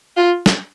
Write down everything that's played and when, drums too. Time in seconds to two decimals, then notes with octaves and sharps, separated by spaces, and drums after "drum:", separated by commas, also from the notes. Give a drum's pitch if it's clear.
0.17 F4
0.46 drum: snare